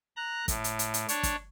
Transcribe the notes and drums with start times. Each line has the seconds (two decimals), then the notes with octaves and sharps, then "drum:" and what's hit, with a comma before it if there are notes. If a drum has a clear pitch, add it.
0.16 A#5 F#6
0.48 A2, drum: kick, hi-hat
0.64 drum: hi-hat
0.79 drum: hi-hat
0.94 drum: hi-hat
1.09 D4 C#5, drum: hi-hat
1.23 drum: kick, hi-hat